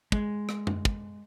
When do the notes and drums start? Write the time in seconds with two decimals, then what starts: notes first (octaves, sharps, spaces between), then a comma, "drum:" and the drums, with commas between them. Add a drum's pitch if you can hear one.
0.12 G#3, drum: kick
0.49 drum: rim click
0.67 drum: tom F#2
0.85 drum: kick